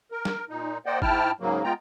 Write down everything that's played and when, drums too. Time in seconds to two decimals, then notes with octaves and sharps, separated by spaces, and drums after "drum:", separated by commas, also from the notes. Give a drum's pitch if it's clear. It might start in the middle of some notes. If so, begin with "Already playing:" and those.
0.12 A#4
0.25 drum: snare
0.50 A#2 D#4
0.86 A#3 C5 D5 D#5 F#5 G5
1.02 G#2 E4 G5 A5 F6, drum: kick G1
1.40 G#2 C#3 F#3 A#3
1.64 G#3 B3 F4 G5 A#5